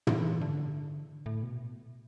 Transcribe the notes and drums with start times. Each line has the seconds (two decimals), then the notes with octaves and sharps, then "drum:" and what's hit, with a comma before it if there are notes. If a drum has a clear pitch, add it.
0.07 E3, drum: tom
0.41 D3
1.26 A2
1.43 B2